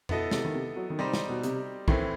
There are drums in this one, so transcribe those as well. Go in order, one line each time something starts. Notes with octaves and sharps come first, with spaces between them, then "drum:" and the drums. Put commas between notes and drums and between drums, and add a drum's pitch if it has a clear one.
B2 B3 E4 A4 D#5, drum: tom F2
C3, drum: snare
D#3
C3
F#3
D#3
C3 G3 D#4 G4 C5
drum: snare
B2
C3, drum: hi-hat
A2 D#3 E3 A3 C4, drum: kick A#1